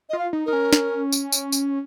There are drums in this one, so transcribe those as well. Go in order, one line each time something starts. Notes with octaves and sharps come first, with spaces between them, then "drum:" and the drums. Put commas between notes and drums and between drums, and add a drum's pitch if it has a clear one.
F4 D#5
F5
D#4
D#4 A#4
C#4
drum: snare
drum: tambourine
drum: tambourine
drum: tambourine